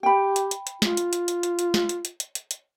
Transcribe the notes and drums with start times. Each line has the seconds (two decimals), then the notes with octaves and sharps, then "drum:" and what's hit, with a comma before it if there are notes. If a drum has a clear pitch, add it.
0.03 G4 G5 B5
0.36 drum: hi-hat
0.51 drum: hi-hat
0.67 drum: hi-hat
0.82 F4, drum: snare
0.97 drum: hi-hat
1.13 drum: hi-hat
1.28 drum: hi-hat
1.43 drum: hi-hat
1.59 drum: hi-hat
1.74 drum: snare
1.89 drum: hi-hat
2.05 drum: hi-hat
2.20 drum: hi-hat
2.35 drum: hi-hat
2.51 drum: hi-hat